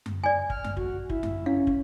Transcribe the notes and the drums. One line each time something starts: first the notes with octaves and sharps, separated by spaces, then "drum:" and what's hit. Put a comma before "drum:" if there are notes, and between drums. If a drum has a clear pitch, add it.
drum: tom F#2
D5 G#5
F6, drum: kick
drum: tom F#2
F#4, drum: kick
E4, drum: kick
drum: tom F#2
C#4 F5
drum: kick